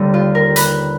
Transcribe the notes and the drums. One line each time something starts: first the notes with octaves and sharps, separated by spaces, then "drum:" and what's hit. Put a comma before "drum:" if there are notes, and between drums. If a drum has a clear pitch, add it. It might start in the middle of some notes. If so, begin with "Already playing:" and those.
Already playing: D#2 D3 G3
F4
A#4
B4, drum: hi-hat